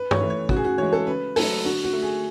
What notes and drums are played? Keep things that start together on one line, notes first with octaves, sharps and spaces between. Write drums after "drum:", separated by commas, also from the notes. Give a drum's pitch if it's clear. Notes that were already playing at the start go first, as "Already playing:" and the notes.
Already playing: B4
C#5, drum: tom
E3 A3
C#5
C#3 F#4, drum: kick
G#4
F#4
E3 G#3 C#5
A4
C#3 B4
F#3 A3 A4, drum: open hi-hat
D3 F#4
F#4
A3
G#4